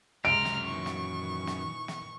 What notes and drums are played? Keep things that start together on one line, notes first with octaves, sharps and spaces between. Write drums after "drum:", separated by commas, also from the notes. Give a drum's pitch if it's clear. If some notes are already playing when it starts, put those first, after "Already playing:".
C#2 F#2 C3 G#3 A#5 C6 F6 D7
drum: snare
A#2 D#3 E3 C#6
drum: snare
drum: snare
drum: snare